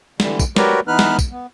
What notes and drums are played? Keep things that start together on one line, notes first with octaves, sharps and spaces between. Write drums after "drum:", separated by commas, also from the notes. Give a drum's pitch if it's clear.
D3 E3 G3, drum: snare
drum: kick, tambourine
F#4 G4 A#4 B4 C#5 D5, drum: snare
E3 B3 D#4 B4 F6 F#6
drum: snare
drum: kick, tambourine
B3